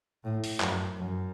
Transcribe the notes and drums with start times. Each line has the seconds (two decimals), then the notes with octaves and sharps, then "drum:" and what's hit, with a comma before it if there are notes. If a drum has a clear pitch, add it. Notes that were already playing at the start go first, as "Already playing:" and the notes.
0.24 A2
0.44 drum: open hi-hat
0.60 F#2, drum: clap
0.97 F#2